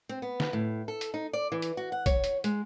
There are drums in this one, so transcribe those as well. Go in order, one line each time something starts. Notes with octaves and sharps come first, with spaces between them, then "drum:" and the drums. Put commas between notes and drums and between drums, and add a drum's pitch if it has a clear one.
C4
B3
drum: snare
A2
A4
drum: hi-hat
D#4
D5
E3
drum: hi-hat
F#4
F#5
C#5, drum: kick, hi-hat
drum: hi-hat
G#3, drum: hi-hat